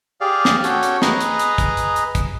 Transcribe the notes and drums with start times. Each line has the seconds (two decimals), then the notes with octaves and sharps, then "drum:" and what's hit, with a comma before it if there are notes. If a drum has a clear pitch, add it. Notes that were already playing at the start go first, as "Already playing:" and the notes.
0.21 G4 G#4 D5 F5
0.45 drum: snare
0.64 C#4 F#4 A4 C#5 G5, drum: hi-hat
0.83 drum: hi-hat
1.02 G#4 B4 D#5 A#5, drum: snare
1.21 drum: hi-hat
1.39 drum: hi-hat
1.58 drum: kick, hi-hat
1.77 drum: hi-hat
1.96 drum: hi-hat
2.15 drum: kick, hi-hat